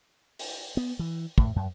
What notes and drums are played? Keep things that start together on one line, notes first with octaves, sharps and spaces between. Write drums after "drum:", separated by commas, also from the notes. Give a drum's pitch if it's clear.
drum: open hi-hat
B3
E3
A2, drum: kick
F#2